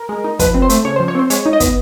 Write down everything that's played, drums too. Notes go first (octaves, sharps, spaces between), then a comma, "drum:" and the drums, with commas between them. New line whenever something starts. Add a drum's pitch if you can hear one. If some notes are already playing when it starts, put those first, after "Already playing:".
Already playing: A#4
G#3
D#4
F3 B4, drum: kick, hi-hat
C4
C5
A3, drum: hi-hat
C#3 C#5
F3 C5
C#5
C4 C5
G#3 C#5, drum: hi-hat
D#4
D#5
B3, drum: kick, hi-hat